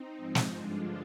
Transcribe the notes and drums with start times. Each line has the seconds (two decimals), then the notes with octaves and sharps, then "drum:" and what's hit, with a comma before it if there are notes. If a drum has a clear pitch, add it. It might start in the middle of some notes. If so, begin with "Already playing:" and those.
Already playing: C4 D#4
0.16 G#2 F3 G#3
0.35 drum: snare
0.53 G2 D3 F3 G#3 D4 F4